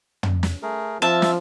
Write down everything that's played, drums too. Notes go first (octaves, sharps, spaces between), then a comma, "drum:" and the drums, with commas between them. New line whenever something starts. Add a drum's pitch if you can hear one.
drum: tom
drum: snare
A3 G#4 A#4
F3 C4 E5 A5 E6 F6
drum: snare